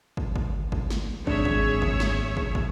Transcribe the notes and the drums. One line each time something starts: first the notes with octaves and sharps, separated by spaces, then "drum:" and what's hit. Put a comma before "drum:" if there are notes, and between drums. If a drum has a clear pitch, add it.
drum: kick
drum: kick
drum: kick
drum: snare
G#1 D4 G#4 C#5 E5, drum: kick
drum: kick
drum: kick
drum: snare
drum: kick
drum: kick